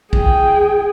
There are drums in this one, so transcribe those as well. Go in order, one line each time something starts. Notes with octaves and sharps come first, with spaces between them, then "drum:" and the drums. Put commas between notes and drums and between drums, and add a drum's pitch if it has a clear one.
G#4 G5, drum: kick